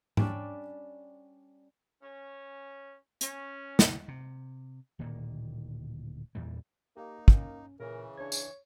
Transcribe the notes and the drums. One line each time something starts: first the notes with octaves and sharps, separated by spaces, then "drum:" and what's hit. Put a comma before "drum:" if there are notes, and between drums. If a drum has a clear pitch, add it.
G3 C#4 D4, drum: tom G#2
C#4
C#4, drum: hi-hat
drum: snare
C3
D1 A#2 D#3 A#3
E2 A#2 E3 G3
A#3 D#4 G4
C#4, drum: kick
A#2 C#3 E3 A#4
D4 C#5 G#6
drum: tambourine